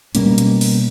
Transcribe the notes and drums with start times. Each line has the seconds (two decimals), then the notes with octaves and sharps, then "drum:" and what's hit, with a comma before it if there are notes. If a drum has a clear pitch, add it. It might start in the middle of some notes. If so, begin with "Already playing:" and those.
0.15 B2 G3 A#3 C#4, drum: hi-hat
0.38 drum: hi-hat
0.61 drum: open hi-hat